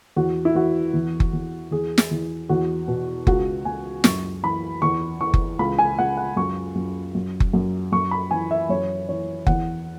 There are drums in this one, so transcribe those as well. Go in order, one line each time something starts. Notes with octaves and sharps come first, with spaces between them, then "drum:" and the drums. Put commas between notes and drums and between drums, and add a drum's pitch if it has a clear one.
E2 F#4
E4
E3 F#4
E2
drum: kick F#1
E2
E2 G#4
drum: snare
E2
E2 F#4
B2
C#2 F#4, drum: kick F#1
C#2 G#5
F#2 C#6, drum: snare
E3 B5
E2 C#6
E3 C#6
drum: kick F#1
C#2 B5
G#5
C#2 F#5
F#5
F#2 C#6
F#2
F#2
drum: kick F#1
F#2
F#2 C#6
B5
E3 G#5
E5
F#2 C#5
E3 C#5
E2 F#5, drum: kick F#1